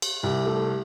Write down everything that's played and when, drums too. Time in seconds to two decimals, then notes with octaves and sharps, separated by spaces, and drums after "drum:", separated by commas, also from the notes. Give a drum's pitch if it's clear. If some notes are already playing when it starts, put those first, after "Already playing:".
0.02 drum: cymbal
0.23 C2 G4
0.46 A3